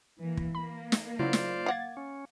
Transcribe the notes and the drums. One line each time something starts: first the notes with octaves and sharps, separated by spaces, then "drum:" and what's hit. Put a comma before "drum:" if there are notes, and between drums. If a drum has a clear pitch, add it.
E3 A#3
drum: kick
A#3 B5
drum: snare
C#3 F#3 E4 F4 C5 D5
drum: snare
F5 F#5 D6 G#6 A6
C#4